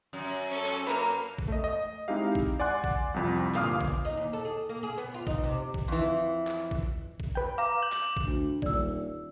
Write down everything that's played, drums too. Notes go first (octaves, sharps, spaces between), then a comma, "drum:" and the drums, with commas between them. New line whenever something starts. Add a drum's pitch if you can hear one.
F#2
C#4 A4
drum: clap
A#3 A#4 B4 F6
drum: kick
A3 D#5
D#5
G#3 C4 D#4 E4 G4 F5
drum: kick
D5 F#5 G#5 C6 F#6
drum: kick
C2 F2 F3
G1 A#2 F5 D6 D#6 F6, drum: clap
drum: kick
D#4
D#2
A4
G#4
A#3
G#4
B3
F4
D#4, drum: kick
C3
drum: kick
F2 E3
drum: clap
drum: kick
drum: kick
B4 G5
F5 A#5 D6
G6 F#7
drum: clap
drum: kick
D2
D#1 D5 E6, drum: kick